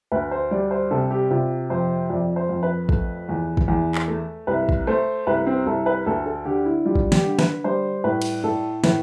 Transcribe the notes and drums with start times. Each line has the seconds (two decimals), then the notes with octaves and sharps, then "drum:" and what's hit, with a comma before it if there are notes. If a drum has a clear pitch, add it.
0.12 D2 B4
0.31 C5
0.51 G3 D5
0.71 C5
0.91 C3 A4
1.11 G4
1.30 C3 F4
1.70 F2 C5
2.10 F2 D5
2.36 C5
2.49 F2
2.63 B4
2.89 A3, drum: kick
3.29 E2
3.57 drum: kick
3.68 E2
3.95 drum: clap
4.08 A3
4.47 C2 B4
4.69 drum: kick
4.87 A3 C5
5.27 C2 B4
5.47 C4
5.66 C2 A4
5.86 B4
6.06 D2 A4
6.26 A4
6.45 D3 G4
6.65 E4
6.85 G3 F4
6.96 drum: kick
7.12 G4, drum: snare
7.25 D3
7.39 B4, drum: snare
7.64 G3 C5
8.04 A2 B4
8.22 drum: cymbal
8.44 A2 A4
8.84 A2 B4, drum: snare